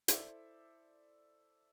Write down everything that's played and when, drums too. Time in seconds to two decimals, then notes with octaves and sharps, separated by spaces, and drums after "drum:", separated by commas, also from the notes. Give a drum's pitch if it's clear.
0.08 E4 A4 C5 D5 E5, drum: hi-hat